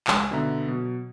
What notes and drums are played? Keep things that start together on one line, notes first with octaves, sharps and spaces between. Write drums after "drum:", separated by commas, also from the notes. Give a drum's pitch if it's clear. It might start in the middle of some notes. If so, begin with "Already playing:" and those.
C#2 G#3 G#5, drum: clap
B2 D3 B3 E5 A#5
B2 F#3